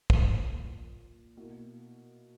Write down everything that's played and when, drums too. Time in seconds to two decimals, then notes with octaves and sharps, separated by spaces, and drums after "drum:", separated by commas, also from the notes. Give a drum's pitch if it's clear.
0.10 A#2 A#3 E4, drum: kick
1.37 B2 A#3 E4